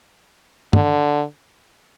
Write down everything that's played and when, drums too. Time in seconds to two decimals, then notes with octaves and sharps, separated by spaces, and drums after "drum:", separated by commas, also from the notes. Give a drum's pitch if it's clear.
0.73 D3, drum: tom